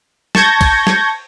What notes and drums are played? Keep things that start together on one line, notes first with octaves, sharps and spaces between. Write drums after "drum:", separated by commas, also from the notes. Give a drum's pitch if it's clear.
A5 C#6 G6 G#6 A#6, drum: snare
drum: kick, cymbal
drum: snare